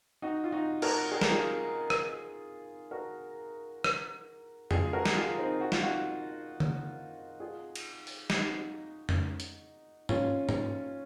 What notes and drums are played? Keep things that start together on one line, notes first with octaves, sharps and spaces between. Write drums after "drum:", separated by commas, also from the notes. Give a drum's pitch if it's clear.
D#4 F#4
F4
D#4 F#4
F#4 A#4, drum: cymbal
G#4
A#4, drum: snare
F4 G#4
drum: rim click
F#4 A#4
drum: rim click
F4 G#4, drum: tom F2
F#4 A#4
drum: snare
F4 G#4
C4 D#4
F#4
F4, drum: snare
D#4 F#4
drum: tom D3
F4 G#4
drum: cymbal
drum: open hi-hat
D#4 F#4, drum: snare
drum: tom F2
drum: hi-hat
C#4 F4, drum: tom G#2
drum: tom G#2